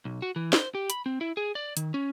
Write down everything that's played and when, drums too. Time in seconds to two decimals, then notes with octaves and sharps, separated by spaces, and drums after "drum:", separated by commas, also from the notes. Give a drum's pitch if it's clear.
0.05 B1
0.22 F#4
0.36 E3
0.53 C5, drum: snare
0.75 G4
0.90 B5, drum: hi-hat
1.06 C4
1.21 E4
1.37 G#4
1.55 D5
1.77 D#3, drum: hi-hat
1.94 C#4